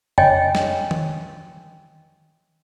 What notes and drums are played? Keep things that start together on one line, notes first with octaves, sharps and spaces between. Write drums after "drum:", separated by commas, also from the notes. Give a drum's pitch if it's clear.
C#5 D#5 G5 G#5, drum: tom F2
drum: snare
drum: tom D#3